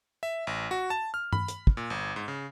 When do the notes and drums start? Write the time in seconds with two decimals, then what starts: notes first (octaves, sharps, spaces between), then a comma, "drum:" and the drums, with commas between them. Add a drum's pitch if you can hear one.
0.23 E5
0.47 A1
0.71 F#4
0.90 A5
1.14 F6
1.33 B5, drum: tom G2
1.48 drum: hi-hat
1.67 drum: kick
1.77 A#2
1.90 G1
2.16 G#2
2.28 C#3